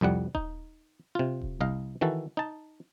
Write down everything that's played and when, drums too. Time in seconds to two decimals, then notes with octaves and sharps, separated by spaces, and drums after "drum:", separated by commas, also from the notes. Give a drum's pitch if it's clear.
0.01 C2 F2 G3 F#5
0.35 D#4, drum: kick D#1
1.15 C3 F4
1.41 drum: kick D#1
1.61 C2 D#5 F5
2.01 D#3 E3 F#4 A4
2.37 D#4 A5